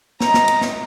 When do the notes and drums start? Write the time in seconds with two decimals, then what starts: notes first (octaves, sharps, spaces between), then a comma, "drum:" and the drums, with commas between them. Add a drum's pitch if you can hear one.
0.20 D#5 A#5, drum: snare
0.34 drum: snare
0.48 drum: cymbal
0.61 drum: snare